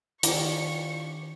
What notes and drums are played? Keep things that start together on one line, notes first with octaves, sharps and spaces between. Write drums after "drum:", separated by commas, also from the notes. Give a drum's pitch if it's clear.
D#3 D4 E4 F4 G4 A#5 C#6 D6, drum: hi-hat